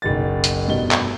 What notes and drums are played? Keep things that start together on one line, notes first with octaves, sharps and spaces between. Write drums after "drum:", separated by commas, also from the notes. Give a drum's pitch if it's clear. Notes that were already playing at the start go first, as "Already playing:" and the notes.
F#1 B1 A6
drum: hi-hat
F1 G2 B2 D#5 G7
drum: clap